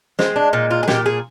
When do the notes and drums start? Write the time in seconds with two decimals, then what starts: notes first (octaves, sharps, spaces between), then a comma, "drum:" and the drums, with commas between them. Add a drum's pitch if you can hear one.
0.19 G#3 C4, drum: snare
0.36 D4
0.53 A#2 D#4
0.71 F4
0.83 G#4
0.88 A#2 G4, drum: snare
1.06 G#4